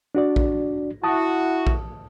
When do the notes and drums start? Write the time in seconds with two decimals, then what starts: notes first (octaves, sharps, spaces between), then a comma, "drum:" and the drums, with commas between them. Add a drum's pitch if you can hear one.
0.15 D4 F#4 D5
0.36 drum: kick A#1
1.04 E4 F#4 A5 D#6
1.67 drum: kick A#1